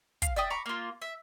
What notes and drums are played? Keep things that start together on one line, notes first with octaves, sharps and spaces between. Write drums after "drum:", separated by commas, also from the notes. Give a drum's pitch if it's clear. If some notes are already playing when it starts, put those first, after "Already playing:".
F5, drum: kick, hi-hat
D5 E5 G5 D#6
A#5 B5 C#6 D6
A#3 F4
E5